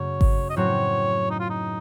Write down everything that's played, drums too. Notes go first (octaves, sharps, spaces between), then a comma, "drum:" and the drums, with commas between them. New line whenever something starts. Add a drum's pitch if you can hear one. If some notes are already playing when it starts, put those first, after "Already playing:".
Already playing: F#2 C#3 A3 C#4 C#5
drum: kick G#1
D#5
A2 F#3 C4 F#4 C#5
D#4
F4
D#4